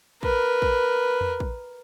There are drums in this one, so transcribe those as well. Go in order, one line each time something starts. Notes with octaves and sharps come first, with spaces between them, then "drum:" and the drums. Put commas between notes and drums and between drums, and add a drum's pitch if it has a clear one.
A#4 B4, drum: kick
drum: kick
drum: tom E2
drum: kick